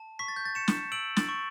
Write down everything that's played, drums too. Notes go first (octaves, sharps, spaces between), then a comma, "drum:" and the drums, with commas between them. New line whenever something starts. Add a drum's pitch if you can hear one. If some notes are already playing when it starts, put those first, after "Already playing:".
Already playing: A5
C#6 B6
A6
G6
A6
C#6 C#7 E7
drum: snare
E6 D7 F#7
A6, drum: snare
C#6